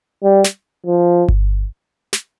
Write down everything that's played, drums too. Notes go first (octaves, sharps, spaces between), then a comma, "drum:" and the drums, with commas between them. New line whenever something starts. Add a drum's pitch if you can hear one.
G3
drum: snare
F3
drum: kick G1
drum: snare